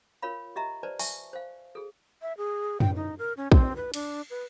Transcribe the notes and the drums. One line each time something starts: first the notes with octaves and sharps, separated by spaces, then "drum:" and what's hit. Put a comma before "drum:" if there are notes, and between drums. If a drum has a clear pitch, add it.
F4 A#4 C#5 F5 B5
G4 D#5 E5 A#5
B4 C5 D5 A5
E5 G#5 A5 C#6, drum: open hi-hat
C5 F5
G#4 A4
E5
G#4
G5, drum: tom F#2
D#4
A#4
C#4
C4, drum: kick A#1
B4
D4, drum: cymbal
B4